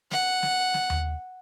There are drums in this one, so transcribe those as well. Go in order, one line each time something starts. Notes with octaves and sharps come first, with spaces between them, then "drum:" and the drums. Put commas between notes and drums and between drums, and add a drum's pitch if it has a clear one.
F#5, drum: snare
drum: snare
drum: snare
drum: tom D#2